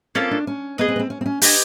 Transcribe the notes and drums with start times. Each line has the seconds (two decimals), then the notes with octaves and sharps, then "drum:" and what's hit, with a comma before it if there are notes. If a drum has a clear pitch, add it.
0.15 A#3 C4 C#4 F4 A4
0.31 D4
0.47 C#4
0.78 B3 G#4 B4 D#5
0.88 C4
0.96 B3
0.99 C4
1.10 C#4
1.21 C4
1.26 C#4
1.42 D4 G4 B4 D#5 G#5, drum: open hi-hat